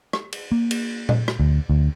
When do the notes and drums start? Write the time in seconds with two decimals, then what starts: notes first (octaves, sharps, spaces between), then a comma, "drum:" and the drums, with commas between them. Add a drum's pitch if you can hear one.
0.13 drum: rim click
0.32 drum: cymbal
0.52 A#3
0.71 drum: cymbal
1.09 drum: tom A#2
1.28 drum: rim click
1.40 D2
1.70 D2